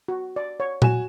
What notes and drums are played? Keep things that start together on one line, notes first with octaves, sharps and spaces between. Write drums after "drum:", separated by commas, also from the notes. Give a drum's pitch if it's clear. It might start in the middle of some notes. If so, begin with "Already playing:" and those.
F#4
D5
C#5
F#4 G#5 E7, drum: tom A#2